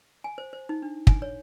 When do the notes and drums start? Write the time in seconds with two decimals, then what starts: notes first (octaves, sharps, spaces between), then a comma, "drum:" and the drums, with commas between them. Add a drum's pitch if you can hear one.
0.24 G#5
0.38 C5
0.53 C5
0.69 D#4
0.82 D4
1.07 G#5, drum: kick
1.22 C#5